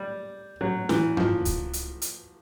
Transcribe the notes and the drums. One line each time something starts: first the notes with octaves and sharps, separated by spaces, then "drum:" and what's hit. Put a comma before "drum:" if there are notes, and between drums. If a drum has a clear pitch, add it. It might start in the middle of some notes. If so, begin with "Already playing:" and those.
Already playing: G3
F#3
E3, drum: snare
F3, drum: tom F#2
drum: kick C#2, hi-hat
drum: hi-hat
drum: hi-hat